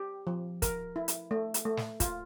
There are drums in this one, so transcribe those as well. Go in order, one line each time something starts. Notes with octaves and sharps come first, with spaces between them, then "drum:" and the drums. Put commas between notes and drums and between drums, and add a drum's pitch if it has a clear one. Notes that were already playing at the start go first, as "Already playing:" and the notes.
Already playing: G4
F3
A#4, drum: kick, hi-hat
E4
drum: hi-hat
A3
drum: hi-hat
A3
drum: snare
F4, drum: kick, hi-hat